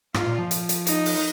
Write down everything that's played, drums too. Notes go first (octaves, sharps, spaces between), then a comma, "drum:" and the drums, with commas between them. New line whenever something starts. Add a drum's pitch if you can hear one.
G#2 F4, drum: rim click
A#2
F3
drum: hi-hat
drum: hi-hat
D#4, drum: hi-hat
drum: open hi-hat